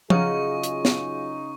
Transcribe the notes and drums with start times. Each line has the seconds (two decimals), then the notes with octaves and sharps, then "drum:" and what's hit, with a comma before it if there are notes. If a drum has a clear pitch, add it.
0.10 C#3 F#3 C#4 D#4 F4 G#4 F#5 C#6, drum: tom F3
0.64 drum: hi-hat
0.85 drum: snare